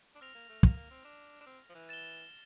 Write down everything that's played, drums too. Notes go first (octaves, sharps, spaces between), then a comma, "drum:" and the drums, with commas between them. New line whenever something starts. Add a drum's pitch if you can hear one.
D4
C4 F6 A#6 F7
A#3
A3
A#3, drum: kick
A#3
C4
D4
D4
C4
F3
E3
A6 E7 G7